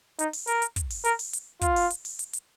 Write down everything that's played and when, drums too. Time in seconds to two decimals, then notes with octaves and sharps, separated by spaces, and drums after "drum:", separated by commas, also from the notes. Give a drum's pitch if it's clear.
0.19 D#4, drum: hi-hat
0.33 drum: open hi-hat
0.47 A#4, drum: hi-hat
0.62 drum: hi-hat
0.76 drum: kick, hi-hat
0.90 drum: open hi-hat
1.04 A#4, drum: hi-hat
1.19 drum: open hi-hat
1.33 drum: hi-hat
1.61 F4, drum: kick, hi-hat
1.76 drum: open hi-hat
1.90 drum: hi-hat
2.05 drum: open hi-hat
2.19 drum: hi-hat
2.33 drum: hi-hat